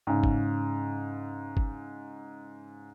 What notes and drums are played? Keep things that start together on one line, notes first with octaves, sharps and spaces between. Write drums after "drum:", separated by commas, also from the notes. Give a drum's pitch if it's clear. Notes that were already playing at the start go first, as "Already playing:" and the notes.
G#2 C#3
drum: kick
drum: kick